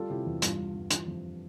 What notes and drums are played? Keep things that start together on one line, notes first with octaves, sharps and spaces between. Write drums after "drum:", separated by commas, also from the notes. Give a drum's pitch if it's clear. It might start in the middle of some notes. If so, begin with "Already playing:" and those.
Already playing: G3 F4 A4
C3 E4 G4
E2
G2 F4, drum: hi-hat
G2
G2
E3 F4, drum: hi-hat
F2